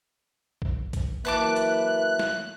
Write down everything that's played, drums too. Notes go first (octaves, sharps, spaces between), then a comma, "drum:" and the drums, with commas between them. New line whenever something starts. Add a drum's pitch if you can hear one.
drum: kick
drum: kick, hi-hat
E3 F#3 A#3 B4 E5 A5 D6 F#6
drum: hi-hat
drum: snare